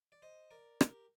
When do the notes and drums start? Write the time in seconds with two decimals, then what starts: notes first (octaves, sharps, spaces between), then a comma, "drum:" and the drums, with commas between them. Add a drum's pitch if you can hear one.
0.12 D5
0.22 C5 D#5
0.51 A#4 D5
0.81 G4 A#4, drum: rim click